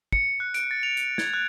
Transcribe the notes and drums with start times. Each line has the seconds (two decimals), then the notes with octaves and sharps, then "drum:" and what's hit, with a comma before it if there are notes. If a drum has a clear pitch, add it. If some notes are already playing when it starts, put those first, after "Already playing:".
0.12 C#7, drum: kick
0.40 F#6
0.54 D7, drum: hi-hat
0.71 A6
0.83 F7
0.97 drum: hi-hat
1.18 G#6, drum: snare
1.34 F#6